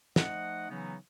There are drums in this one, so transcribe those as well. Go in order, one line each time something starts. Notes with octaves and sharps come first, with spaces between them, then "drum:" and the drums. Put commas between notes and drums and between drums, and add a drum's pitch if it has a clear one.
F3 A3 D#4 D#5 F#5, drum: snare
C#3 E3 F#3 B3 C#4 D#4